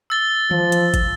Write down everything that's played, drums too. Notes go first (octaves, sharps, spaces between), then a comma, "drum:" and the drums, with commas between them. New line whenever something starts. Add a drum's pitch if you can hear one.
E6 A6 G7
F3, drum: tom D#3
drum: hi-hat
drum: kick, hi-hat